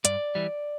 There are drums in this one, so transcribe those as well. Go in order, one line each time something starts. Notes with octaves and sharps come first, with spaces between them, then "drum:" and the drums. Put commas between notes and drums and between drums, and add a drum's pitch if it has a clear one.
G2 D5, drum: hi-hat
E3 G3